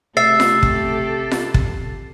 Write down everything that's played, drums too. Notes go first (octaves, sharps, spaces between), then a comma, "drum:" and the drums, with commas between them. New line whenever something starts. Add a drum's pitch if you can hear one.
C3 A3 G4 A4 E5 A6 C7
drum: snare F4
drum: kick
drum: snare F4
drum: kick